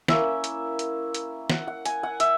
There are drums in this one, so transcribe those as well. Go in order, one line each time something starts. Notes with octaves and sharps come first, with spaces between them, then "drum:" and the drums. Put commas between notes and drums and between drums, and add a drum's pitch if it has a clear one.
A#3 C#4 E4 E5, drum: snare
drum: hi-hat
drum: hi-hat
drum: hi-hat
F#5, drum: snare
F#5
G#5, drum: hi-hat
F#5
E5, drum: hi-hat